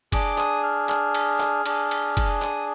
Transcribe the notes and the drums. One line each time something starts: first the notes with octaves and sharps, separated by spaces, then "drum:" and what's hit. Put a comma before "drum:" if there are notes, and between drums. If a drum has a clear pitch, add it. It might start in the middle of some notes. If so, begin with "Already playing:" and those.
D4 G#4 D6, drum: kick, cymbal
D#6, drum: clap
F6
F6, drum: clap
drum: cymbal
drum: clap
D4 G#4, drum: cymbal
drum: cymbal
drum: kick, cymbal
D#6, drum: clap